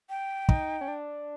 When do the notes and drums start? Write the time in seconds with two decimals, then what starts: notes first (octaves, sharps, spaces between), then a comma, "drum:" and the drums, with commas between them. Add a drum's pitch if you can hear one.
0.10 G5
0.49 D#4, drum: kick
0.81 C#4
0.88 D4